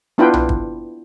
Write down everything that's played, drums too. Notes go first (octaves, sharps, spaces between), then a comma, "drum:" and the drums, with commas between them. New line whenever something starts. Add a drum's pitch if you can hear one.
B3 D4 E4 F4 B4 G5
drum: tom B1
drum: kick